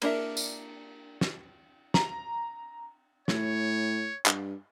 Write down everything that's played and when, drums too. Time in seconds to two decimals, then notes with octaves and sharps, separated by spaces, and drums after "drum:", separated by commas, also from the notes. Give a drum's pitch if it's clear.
0.02 A#3 D4 A#4 E5, drum: cymbal
0.37 drum: tambourine
1.21 drum: snare
1.94 A#5, drum: snare
3.28 A2 C#5, drum: snare
4.26 G2, drum: clap